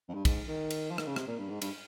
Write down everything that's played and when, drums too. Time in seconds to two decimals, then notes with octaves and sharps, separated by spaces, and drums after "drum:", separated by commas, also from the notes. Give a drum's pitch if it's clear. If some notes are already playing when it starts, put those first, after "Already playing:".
0.08 F2
0.14 G2
0.25 G#2, drum: kick, cymbal
0.48 D#3
0.70 drum: cymbal
0.91 F3
0.98 D#3, drum: rim click
1.07 C#3
1.16 C3, drum: rim click
1.27 A#2
1.39 G2
1.49 G#2
1.62 G2, drum: cymbal